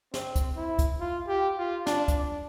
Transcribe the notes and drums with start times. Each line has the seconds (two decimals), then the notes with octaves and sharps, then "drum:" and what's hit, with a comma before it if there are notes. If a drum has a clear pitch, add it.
0.14 C4, drum: snare
0.36 drum: kick, hi-hat
0.57 E4
0.79 drum: kick, hi-hat
1.00 F4
1.28 G4
1.58 F4
1.87 D4, drum: snare
2.08 drum: kick, hi-hat